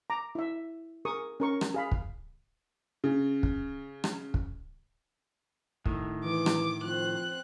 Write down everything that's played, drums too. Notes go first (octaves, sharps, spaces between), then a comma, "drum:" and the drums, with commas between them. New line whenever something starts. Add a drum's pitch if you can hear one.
A#5 D6
E4 E5
G#4 A#4 C#6 D#6
C#4 A#4 C#6
drum: rim click
G#4 F5 B5
drum: kick
C#3
drum: kick
drum: rim click
drum: kick
A2 D#3, drum: kick
E3 D6
drum: rim click
F3 C4 F#6